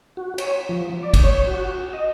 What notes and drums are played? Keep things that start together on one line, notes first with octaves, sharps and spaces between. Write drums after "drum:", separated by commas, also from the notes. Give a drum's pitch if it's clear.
F#4
C#5, drum: cymbal
F3
D5
drum: kick, cymbal
C#5
F#4
D#5